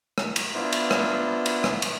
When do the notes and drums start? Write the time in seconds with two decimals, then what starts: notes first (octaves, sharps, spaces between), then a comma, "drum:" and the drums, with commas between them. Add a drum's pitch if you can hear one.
0.18 drum: rim click
0.36 drum: cymbal
0.54 B3 D4 E4 F4 C5
0.72 drum: cymbal
0.91 drum: rim click
1.46 drum: cymbal
1.64 drum: rim click
1.82 drum: cymbal